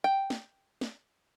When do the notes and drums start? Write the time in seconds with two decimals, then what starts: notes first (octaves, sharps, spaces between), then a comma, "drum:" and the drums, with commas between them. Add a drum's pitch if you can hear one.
0.04 G5
0.30 drum: snare
0.81 drum: snare